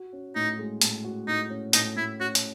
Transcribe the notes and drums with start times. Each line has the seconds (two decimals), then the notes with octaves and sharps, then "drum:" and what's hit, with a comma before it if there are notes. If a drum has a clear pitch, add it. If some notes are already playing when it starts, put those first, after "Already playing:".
Already playing: F#4
0.13 C#4
0.35 A2 D#4
0.59 G#3
0.81 A2, drum: hi-hat
1.04 F#4
1.27 A2 D#4
1.50 C#4
1.73 A2 D#4, drum: hi-hat
1.96 A2 E4
2.20 C#4 F#4
2.35 drum: hi-hat